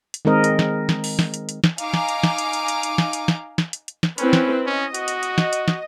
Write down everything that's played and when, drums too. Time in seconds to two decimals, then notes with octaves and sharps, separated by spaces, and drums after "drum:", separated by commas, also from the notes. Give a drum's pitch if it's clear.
0.14 drum: hi-hat
0.25 D#3 G#3 C4 A#4 D#5
0.44 drum: hi-hat
0.59 drum: snare
0.89 drum: snare
1.04 drum: open hi-hat
1.19 drum: snare
1.34 drum: hi-hat
1.49 drum: hi-hat
1.64 drum: snare
1.78 D#4 F5 G#5 A#5 D6, drum: hi-hat
1.94 drum: snare
2.09 drum: hi-hat
2.23 drum: snare
2.38 drum: hi-hat
2.53 drum: hi-hat
2.68 drum: hi-hat
2.83 drum: hi-hat
2.98 drum: snare
3.13 drum: hi-hat
3.28 drum: snare
3.58 drum: snare
3.73 drum: hi-hat
3.88 drum: hi-hat
4.03 drum: snare
4.18 C4 C#4 E4 B4, drum: hi-hat
4.33 drum: snare
4.66 C#4 D#5
4.94 F#4, drum: hi-hat
5.08 drum: hi-hat
5.23 drum: hi-hat
5.38 drum: snare
5.53 drum: hi-hat
5.68 drum: snare